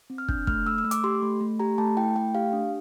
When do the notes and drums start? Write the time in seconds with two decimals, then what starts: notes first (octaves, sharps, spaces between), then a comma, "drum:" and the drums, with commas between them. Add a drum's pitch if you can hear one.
0.10 C4
0.18 F6
0.29 D4 G6, drum: kick
0.47 A3 F6, drum: kick
0.66 A3 E6
0.78 E6
0.85 A3
0.91 D6, drum: hi-hat
1.04 G4 C6
1.22 A3
1.41 A3
1.59 G4 A#5
1.78 A3 A5
1.97 E4 G5
2.16 A3 G5
2.35 G4 F5
2.53 D4